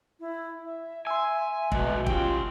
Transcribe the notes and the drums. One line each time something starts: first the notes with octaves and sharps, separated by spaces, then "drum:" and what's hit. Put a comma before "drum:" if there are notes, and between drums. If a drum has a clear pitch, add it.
E4
E5
G#5 C6 E6
B2 G#3 A3 B4, drum: kick
C#4 F4 G4 G5, drum: kick